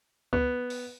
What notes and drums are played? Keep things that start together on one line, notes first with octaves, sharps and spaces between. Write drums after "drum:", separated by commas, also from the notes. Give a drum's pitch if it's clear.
B3, drum: kick C#2
drum: open hi-hat